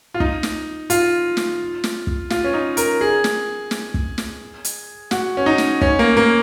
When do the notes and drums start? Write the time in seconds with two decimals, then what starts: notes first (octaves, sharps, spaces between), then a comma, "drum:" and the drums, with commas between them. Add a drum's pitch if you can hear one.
0.14 F4
0.20 D#4, drum: kick
0.43 drum: snare
0.90 F4, drum: hi-hat
1.37 drum: snare
1.84 drum: snare
2.07 drum: kick
2.30 F4, drum: snare
2.44 C#4
2.54 D#4
2.77 A#4, drum: hi-hat
3.01 G#4
3.24 drum: snare
3.71 drum: snare
3.94 drum: kick
4.18 drum: snare
4.65 drum: hi-hat
5.11 F#4, drum: snare
5.37 C#4
5.46 D#4
5.58 drum: snare
5.81 C#4, drum: kick
5.99 A#3
6.17 A#3